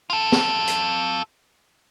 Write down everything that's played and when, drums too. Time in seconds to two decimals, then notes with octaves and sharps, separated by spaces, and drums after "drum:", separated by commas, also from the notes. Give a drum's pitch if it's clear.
0.10 F4 A4
0.32 drum: snare
0.67 drum: hi-hat